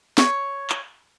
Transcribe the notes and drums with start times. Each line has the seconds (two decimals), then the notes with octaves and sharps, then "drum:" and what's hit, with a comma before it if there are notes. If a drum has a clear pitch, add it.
0.18 C#5, drum: snare
0.70 drum: clap